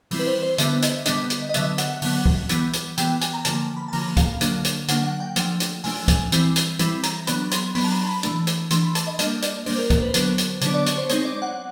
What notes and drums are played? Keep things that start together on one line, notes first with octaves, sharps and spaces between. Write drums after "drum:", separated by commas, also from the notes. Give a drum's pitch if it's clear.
E3 G3 C4 E4, drum: open hi-hat
B4
C5
C5
D3 G3 B3 D4 E5, drum: hi-hat
D#5, drum: hi-hat
D3 G3 B3 D4 D#5, drum: hi-hat
drum: hi-hat
D#5
D3 F#3 B3 E5, drum: hi-hat
F#5, drum: hi-hat
D3 F#3 B3, drum: open hi-hat
drum: kick C#2
E3 G3 B3, drum: hi-hat
drum: hi-hat
E3 G3 B3 G5, drum: hi-hat
G#5, drum: hi-hat
A#5
D3 F3 A#3 A5, drum: hi-hat
B5
A5
D3 F3 A#3 A#5, drum: open hi-hat
F5, drum: kick C#2, hi-hat
D3 F#3 A#3 D4, drum: hi-hat
drum: hi-hat
D3 F#3 A#3 D4 F#5, drum: hi-hat
F#5
G5
F3 A3 D4, drum: hi-hat
drum: hi-hat
F3 A3 D4 G#5, drum: open hi-hat
drum: kick C#2, hi-hat
E3 G3 C4 E4, drum: hi-hat
drum: hi-hat
E3 G3 C4 E4, drum: hi-hat
A#5, drum: hi-hat
F#3 B3 D4 B5, drum: hi-hat
C6, drum: hi-hat
F#3 B3 D4 B5, drum: open hi-hat
A5
A#5
B5
E3 A3 D4, drum: hi-hat
drum: hi-hat
E3 A3 D4 C6, drum: hi-hat
B5
A5, drum: hi-hat
D#5
G3 A#3 D4 D#5, drum: hi-hat
D5, drum: hi-hat
G3 A#3 D4 C5, drum: open hi-hat
A#4
A#4, drum: kick C#2, hi-hat
B4
C5
D3 F#3 B3 D4 B4, drum: hi-hat
drum: hi-hat
D3 F#3 B3 D4 C#5, drum: hi-hat
D5
C#5, drum: hi-hat
C5
G#3 C4 D#4 C#5, drum: hi-hat
D5
F#5